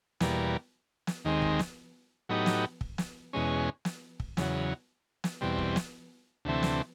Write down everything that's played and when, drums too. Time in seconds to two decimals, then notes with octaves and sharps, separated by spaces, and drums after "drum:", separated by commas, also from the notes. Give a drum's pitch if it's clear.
0.20 E2 B2 G3 A#3, drum: snare
1.07 drum: snare
1.25 D#2 D#3 G#3 C4
1.42 drum: kick
1.59 drum: snare
2.29 A2 F#3 B3 D#4 G4
2.46 drum: snare
2.81 drum: kick
2.98 drum: snare
3.33 E2 B2 G#3 C#4
3.85 drum: snare
4.20 drum: kick
4.37 E2 C#3 F#3, drum: snare
5.24 drum: snare
5.41 E2 B2 G3 C4
5.58 drum: kick
5.76 drum: snare
6.45 D2 C3 E3 A3 C4
6.63 drum: snare